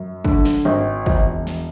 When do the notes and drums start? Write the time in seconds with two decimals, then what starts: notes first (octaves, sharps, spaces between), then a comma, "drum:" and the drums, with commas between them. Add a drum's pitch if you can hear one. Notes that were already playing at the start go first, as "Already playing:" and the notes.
Already playing: F#2
0.25 D3, drum: kick
0.45 drum: snare
0.65 G#1
1.06 E1, drum: kick
1.47 drum: snare